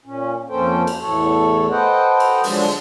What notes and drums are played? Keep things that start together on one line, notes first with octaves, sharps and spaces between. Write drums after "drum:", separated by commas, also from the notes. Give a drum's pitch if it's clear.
A#2 C#4
F2 A#3 C#4 A4 C5 G5
drum: cymbal
E2 A2 A4 C#5
A4 B4 C5 D#5 F#5 G5
drum: cymbal
D3 F3 F#3 G#3 D4, drum: open hi-hat